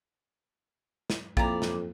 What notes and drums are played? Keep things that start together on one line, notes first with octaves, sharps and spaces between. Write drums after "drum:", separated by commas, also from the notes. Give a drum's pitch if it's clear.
drum: snare
F2 A#3 E4 D5 F5 A#5, drum: kick A#1
drum: snare